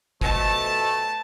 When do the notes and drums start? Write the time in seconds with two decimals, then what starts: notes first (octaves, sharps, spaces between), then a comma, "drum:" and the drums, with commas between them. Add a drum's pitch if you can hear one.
0.21 B2 F3 A3 A5, drum: kick G1